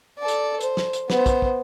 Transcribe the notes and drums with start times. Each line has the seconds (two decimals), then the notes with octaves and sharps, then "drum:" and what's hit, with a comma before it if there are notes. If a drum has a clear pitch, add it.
0.19 A4 D5
0.28 drum: hi-hat
0.61 C5, drum: hi-hat
0.77 drum: snare
0.93 drum: hi-hat
1.10 B3 C5, drum: snare
1.26 drum: kick, hi-hat
1.42 drum: kick